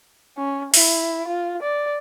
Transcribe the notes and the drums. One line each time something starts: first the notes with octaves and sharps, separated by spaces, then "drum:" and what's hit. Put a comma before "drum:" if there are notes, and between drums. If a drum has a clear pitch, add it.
C#4
E4, drum: open hi-hat
F4
D5